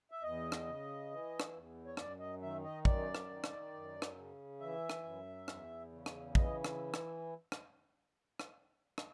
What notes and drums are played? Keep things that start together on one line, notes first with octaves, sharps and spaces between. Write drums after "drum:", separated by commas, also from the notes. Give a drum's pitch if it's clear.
E5
E2 D#5
drum: rim click
C#3
E3
drum: rim click
E2
C#5
F#2 D5, drum: rim click
D#5
D#3 E5
D#5
F#2 D5, drum: kick
drum: rim click
D#3
drum: rim click
F#2
drum: rim click
C#3
E3 E5
drum: rim click
F#2
E2, drum: rim click
C#3
drum: rim click
E3 D#5, drum: kick
drum: rim click
drum: rim click
drum: rim click
drum: rim click
drum: rim click